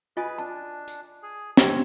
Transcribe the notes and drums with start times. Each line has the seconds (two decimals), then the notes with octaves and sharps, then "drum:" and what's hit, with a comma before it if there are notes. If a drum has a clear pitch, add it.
0.17 F4 G#4 B4 D#5 G#5
0.38 D4 A5
0.88 drum: tambourine
1.23 G#4
1.57 C4 C#5 F#5, drum: snare